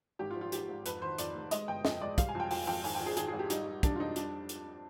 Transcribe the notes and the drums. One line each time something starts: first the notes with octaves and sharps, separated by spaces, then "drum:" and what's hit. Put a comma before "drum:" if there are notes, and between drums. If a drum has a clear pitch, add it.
G#1 G4
F4
F3
F4
G#2 G4, drum: hi-hat
G#2
F2 B4, drum: hi-hat
D#3 C5
F2 D5, drum: hi-hat
F1
G#3 D#5, drum: hi-hat
G1 G5
F2 D#5, drum: snare
G#3 D5
G3 F5, drum: kick, hi-hat
G#5
F2 G5
F2 G5, drum: open hi-hat
F2 G5
G#1 G#5, drum: open hi-hat
G5
F3
G#4
G#1 G#4, drum: hi-hat
G#1 G#4
G4
G3 D#4, drum: hi-hat
G3
G3 D4, drum: kick, hi-hat
F4
F2 D#4
G3 D4, drum: hi-hat
drum: hi-hat